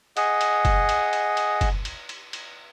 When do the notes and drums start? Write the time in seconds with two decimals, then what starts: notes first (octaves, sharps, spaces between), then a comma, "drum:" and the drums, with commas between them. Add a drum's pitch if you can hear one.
0.17 G#4 D#5 F#5, drum: cymbal
0.41 drum: cymbal
0.65 drum: kick, cymbal
0.89 drum: cymbal
1.13 drum: cymbal
1.37 drum: cymbal
1.61 drum: kick, cymbal
1.85 drum: cymbal
2.09 drum: cymbal
2.33 drum: cymbal